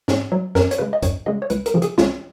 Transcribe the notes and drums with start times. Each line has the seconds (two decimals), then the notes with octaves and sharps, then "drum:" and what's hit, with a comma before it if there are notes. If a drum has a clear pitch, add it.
0.08 G#2, drum: snare
0.32 F#3
0.55 F#2 A#4, drum: snare
0.71 C#5, drum: hi-hat
0.78 C#3 G#3 B4
0.93 D#5
1.02 F#2 C#5, drum: kick, hi-hat
1.26 C#3 G#3 D#5
1.42 C#5
1.50 C#2 B4, drum: hi-hat
1.66 A#4, drum: hi-hat
1.74 C#3 F3
1.82 G#4, drum: hi-hat
1.98 C#2 F4, drum: snare